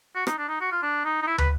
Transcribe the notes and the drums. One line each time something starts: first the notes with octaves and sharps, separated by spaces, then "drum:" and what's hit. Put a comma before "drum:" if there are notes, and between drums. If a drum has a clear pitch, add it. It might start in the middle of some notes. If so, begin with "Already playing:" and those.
F#4
D#4, drum: rim click
D4
D#4
F#4
F4
D4
D#4
D#4
E4
B4, drum: tom